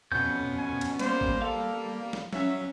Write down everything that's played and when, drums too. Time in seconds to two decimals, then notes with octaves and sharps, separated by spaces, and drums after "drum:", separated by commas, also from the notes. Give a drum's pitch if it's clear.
0.12 F2 B2 B3 C#4 G6
0.57 G#5
0.81 drum: cymbal
0.99 G3 A#3 C5, drum: cymbal
1.21 drum: kick G#1
1.42 A4 F5
2.13 drum: snare
2.33 F#3 C#4 E5, drum: snare